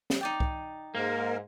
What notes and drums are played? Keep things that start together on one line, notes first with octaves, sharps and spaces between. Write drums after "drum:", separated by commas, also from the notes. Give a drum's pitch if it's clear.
drum: snare
D#4 D5 G5
drum: kick C2
G#2 A#3 A#4